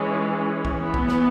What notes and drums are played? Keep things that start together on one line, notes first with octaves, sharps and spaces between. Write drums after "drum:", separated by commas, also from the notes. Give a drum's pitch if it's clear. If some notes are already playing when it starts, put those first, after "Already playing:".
Already playing: E3 G#3 C#4
drum: kick
E3 B3
drum: kick
drum: snare